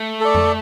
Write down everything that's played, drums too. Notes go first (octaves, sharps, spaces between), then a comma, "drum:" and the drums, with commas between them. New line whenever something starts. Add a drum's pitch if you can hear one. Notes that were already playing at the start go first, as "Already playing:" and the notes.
Already playing: A3
A4 D5
drum: tom F2